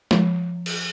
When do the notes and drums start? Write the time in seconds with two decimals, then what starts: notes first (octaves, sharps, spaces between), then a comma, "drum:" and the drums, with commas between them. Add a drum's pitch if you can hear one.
0.11 F3, drum: tom G#3
0.66 drum: cymbal